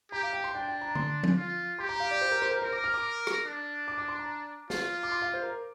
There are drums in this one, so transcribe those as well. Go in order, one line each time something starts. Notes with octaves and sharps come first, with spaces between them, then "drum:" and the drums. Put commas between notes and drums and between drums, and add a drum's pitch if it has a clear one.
G4 A#5
F5
G5
C6
D4 G5
G5
A#5
C6, drum: tom D3
drum: tom F3
F4
G4 C6
A#5
F5
D5
C5
A#4
C5
A#4
A#4 C5
D6
F6
D6
drum: rim click
D4
D6
D6
C6
A#5
F4, drum: snare
D6
C6
F5
C5
A#4